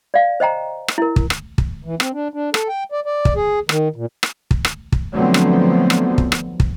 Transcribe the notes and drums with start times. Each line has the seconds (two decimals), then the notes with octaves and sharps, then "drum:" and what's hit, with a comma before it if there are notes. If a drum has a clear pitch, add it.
0.14 D5 F5
0.40 C5 D#5 G5 A#5
0.88 drum: rim click
0.98 E4 A#4
1.16 drum: kick
1.30 drum: rim click
1.58 drum: kick
1.85 E3
2.00 C4, drum: rim click
2.13 D4
2.34 D4
2.54 A4, drum: rim click
2.68 G5
2.92 D5
3.06 D5
3.25 drum: kick
3.36 G#4
3.69 D#3, drum: rim click
3.96 A#2
4.23 drum: rim click
4.51 drum: kick
4.65 drum: rim click
4.92 drum: kick
5.13 D3 F3 F#3 A3 B3 C4
5.34 drum: rim click
5.90 drum: rim click
6.18 drum: kick
6.32 drum: rim click
6.60 drum: kick